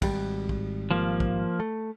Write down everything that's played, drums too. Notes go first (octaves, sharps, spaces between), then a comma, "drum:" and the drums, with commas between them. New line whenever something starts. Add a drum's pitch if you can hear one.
G#1 G3, drum: kick, cymbal
drum: kick
F3 A#3
drum: kick
A3